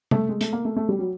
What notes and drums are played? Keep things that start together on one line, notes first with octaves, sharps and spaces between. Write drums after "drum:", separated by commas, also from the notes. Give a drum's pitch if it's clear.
A3, drum: tom C3
G#3
A3, drum: hi-hat
A#3
A3
A3
G3
F#3